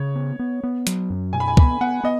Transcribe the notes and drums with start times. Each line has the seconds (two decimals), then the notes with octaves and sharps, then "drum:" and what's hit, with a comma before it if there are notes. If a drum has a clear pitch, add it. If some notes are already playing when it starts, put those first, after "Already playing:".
Already playing: C#3 C#5
0.15 B3
0.39 B3
0.63 B3
0.87 F#3, drum: hi-hat
1.10 F#2
1.33 B2 G#5
1.40 B5
1.48 G#5
1.57 B3 B5, drum: kick
1.81 B3 F#5
2.04 B3 D#5